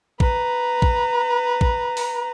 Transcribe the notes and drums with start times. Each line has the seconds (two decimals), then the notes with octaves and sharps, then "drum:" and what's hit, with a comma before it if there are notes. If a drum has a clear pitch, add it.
0.20 B4 A#5, drum: kick
0.82 drum: kick
1.61 drum: kick
1.97 drum: open hi-hat